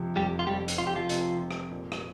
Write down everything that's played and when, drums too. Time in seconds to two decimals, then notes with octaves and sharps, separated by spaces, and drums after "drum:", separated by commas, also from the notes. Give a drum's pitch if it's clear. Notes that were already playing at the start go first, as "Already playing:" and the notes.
Already playing: F2 C3 F3
0.16 F1 G3 G4
0.39 F4
0.47 F2 G3 G4
0.68 drum: hi-hat
0.78 F1 F4
0.87 G4
0.95 F3 F4
1.09 C3, drum: hi-hat
1.40 F1
1.51 drum: rim click
1.71 A#2
1.92 drum: rim click